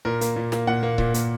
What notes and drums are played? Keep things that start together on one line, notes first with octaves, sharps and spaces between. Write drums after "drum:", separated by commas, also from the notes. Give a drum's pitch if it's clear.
A#2 A#4
A#3, drum: hi-hat
A#2
A#3, drum: snare
A#2 F#5
A#3
A#2, drum: kick C#1
A#3, drum: hi-hat